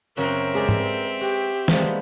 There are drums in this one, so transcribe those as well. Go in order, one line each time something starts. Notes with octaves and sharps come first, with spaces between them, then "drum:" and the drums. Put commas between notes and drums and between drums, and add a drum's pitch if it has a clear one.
F#2 C#3 C4 F#4 A#4 E5
G#3 B3 G4 G#4 D5
drum: tom
F#4 G4
F3 G3 G#3 A#3 B3, drum: snare